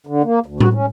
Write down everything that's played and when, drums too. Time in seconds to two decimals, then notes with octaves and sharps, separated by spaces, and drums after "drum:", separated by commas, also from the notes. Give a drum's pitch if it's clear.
0.07 D3
0.24 A#3
0.46 D2
0.60 F#4, drum: tom A2
0.74 C#4